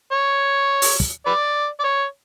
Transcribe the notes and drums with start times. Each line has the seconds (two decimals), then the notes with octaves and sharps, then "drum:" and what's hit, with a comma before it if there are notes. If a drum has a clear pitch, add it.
0.12 C#5
0.82 drum: open hi-hat
1.00 drum: kick
1.26 B4 D5
1.80 D5
1.84 C#5